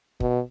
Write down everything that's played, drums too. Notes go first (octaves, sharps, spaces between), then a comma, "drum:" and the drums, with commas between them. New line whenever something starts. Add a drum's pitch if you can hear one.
B2, drum: kick